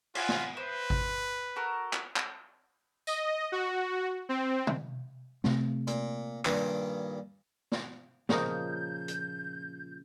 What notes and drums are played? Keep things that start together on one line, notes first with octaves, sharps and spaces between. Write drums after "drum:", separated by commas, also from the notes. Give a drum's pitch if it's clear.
F4 F#5 G#5 B5, drum: cymbal
drum: snare
B4 C5
drum: kick G#1
F#4 A4 A#4
drum: clap
drum: clap
D#5, drum: tambourine
F#4
C4
drum: tom
C3 A3 C4, drum: snare
A#2, drum: hi-hat
G2 A#2 D#3, drum: clap
drum: snare
A#2 C#3 F3 A#4 D#5 G6, drum: snare
drum: hi-hat